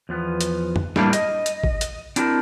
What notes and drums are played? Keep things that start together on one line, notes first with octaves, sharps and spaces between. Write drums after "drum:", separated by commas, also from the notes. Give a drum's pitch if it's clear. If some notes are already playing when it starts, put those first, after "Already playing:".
E2 F3 B3
drum: hi-hat
drum: tom
A2 G3 A#3 D4 E4, drum: snare
D#5, drum: hi-hat
drum: hi-hat
drum: kick
drum: hi-hat
C4 D4 E4 G4 A#4, drum: hi-hat